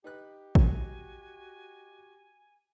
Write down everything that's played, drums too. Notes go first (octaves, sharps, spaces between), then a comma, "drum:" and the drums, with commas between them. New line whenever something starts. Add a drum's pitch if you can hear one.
D#4 G4 B4 F#6
F#4 G#5, drum: kick A1